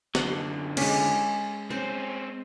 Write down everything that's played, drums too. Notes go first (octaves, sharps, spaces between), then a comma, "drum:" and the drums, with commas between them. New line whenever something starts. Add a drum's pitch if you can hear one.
F#2 D3 F#5 C6, drum: snare
G#3 C#4, drum: cymbal
C4 C#4 C5